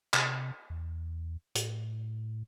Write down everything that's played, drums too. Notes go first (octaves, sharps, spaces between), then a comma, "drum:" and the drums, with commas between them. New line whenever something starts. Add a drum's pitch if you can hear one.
C3, drum: clap
E2
A2, drum: hi-hat